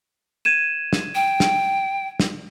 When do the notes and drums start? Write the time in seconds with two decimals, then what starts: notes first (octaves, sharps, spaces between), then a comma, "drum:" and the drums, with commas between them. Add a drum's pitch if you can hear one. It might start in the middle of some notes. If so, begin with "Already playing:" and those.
0.45 G#6 D#7 E7
0.93 drum: snare
1.15 G5
1.40 drum: snare
2.20 drum: snare